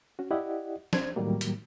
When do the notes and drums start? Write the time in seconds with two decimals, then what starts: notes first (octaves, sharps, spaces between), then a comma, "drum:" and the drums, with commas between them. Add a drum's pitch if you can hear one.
0.19 C#4 F#4
0.31 E4 G4 D5 D#5 F#5
0.93 D4 C5 G#6, drum: snare
1.16 A2 D#3 F#3 G3 A#3
1.41 drum: hi-hat